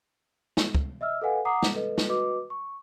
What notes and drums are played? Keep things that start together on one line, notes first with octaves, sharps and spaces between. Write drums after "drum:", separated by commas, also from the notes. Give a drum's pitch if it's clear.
drum: snare
drum: kick
D#5 E5 E6 F6
A4 B4 D#5 F5 F#5 G#5
F#5 A#5 D6 D#6 C7
drum: snare
A4 B4 D#5
drum: snare
F#4 B4 D#5 D6
C#6